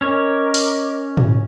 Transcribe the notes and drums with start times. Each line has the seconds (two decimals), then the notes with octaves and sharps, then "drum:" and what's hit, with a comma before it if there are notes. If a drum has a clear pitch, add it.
0.01 C#4 A#4 C#5 D#5 D6
0.54 drum: open hi-hat
1.17 drum: tom